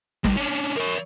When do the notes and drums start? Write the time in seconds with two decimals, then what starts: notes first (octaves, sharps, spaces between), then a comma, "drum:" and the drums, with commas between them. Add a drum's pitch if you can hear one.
0.24 G2, drum: snare
0.37 C#4 D4
0.77 A#4 C#5